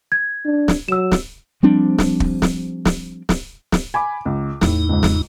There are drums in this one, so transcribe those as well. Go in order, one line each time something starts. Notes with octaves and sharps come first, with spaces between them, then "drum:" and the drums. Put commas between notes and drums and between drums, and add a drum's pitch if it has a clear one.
G#6
D4
drum: snare
F#3 E6 E7
drum: snare
F3 G3 C4 D4
drum: snare
drum: kick
drum: snare
drum: snare
drum: snare
drum: snare
G#5 B5 D6
C#2
E2 A2 D#4, drum: snare
C#2 G#2
drum: snare